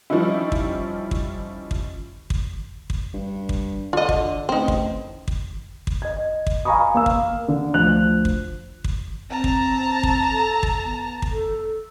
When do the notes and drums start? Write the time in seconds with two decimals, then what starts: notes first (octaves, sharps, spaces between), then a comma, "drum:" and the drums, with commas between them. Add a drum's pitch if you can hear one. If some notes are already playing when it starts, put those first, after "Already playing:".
0.10 F3 G3 C#4 D#4 E4
0.52 drum: kick
1.11 drum: kick
1.71 drum: kick
2.30 drum: kick
2.90 drum: kick
3.14 G2
3.49 drum: kick
3.93 D3 F4 D#5
4.09 drum: kick
4.49 A1 C4 D#4
4.68 drum: kick
5.28 drum: kick
5.87 drum: kick
6.02 D#5 G#6
6.47 drum: kick
6.65 F5 G#5 A#5 B5 C#6 D#6
6.94 A#3 F5 E6
7.06 drum: kick
7.48 D3
7.74 D2 F3 F#6 F7
8.25 drum: kick
8.84 drum: kick
9.30 C4 A5 A#5
9.44 drum: kick
10.03 drum: kick
10.31 A4
10.63 drum: kick
10.84 B3
11.22 drum: kick
11.32 A4